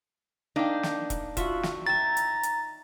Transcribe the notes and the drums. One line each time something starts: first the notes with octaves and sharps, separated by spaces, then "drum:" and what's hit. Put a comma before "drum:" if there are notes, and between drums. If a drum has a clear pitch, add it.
A#3 D4 D#4 G5
drum: snare
drum: kick E1, hi-hat
F4 F#4 E5, drum: kick E1, hi-hat
drum: snare
E5 G5 A#5 A6
drum: hi-hat
drum: hi-hat